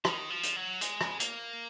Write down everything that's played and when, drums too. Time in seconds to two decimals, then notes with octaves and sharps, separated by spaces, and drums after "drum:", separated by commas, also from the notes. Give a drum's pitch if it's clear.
0.05 D#3, drum: rim click
0.30 F3
0.43 drum: hi-hat
0.56 F#3
0.81 G#3, drum: hi-hat
1.01 drum: rim click
1.20 A#3, drum: hi-hat